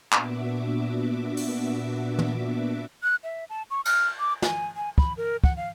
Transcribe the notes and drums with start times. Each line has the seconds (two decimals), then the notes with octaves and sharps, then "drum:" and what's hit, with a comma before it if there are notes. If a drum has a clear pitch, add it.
0.12 A#2 B3 D4 F#4 E5 D6, drum: clap
1.37 drum: open hi-hat
2.19 drum: tom
3.03 F#6
3.24 E5
3.50 A5
3.71 C#6
3.85 F6, drum: cymbal
4.20 D6
4.42 G#5, drum: snare
4.76 G#5
4.98 B5, drum: kick
5.17 A#4
5.44 F#5, drum: kick
5.57 F5